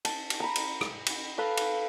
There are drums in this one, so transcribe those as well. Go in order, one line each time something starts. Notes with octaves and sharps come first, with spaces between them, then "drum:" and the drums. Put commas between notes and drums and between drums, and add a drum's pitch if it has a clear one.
A5, drum: cymbal
drum: cymbal
A#5 B5
drum: cymbal
drum: rim click
drum: cymbal
A4 B4 F5 B5
drum: cymbal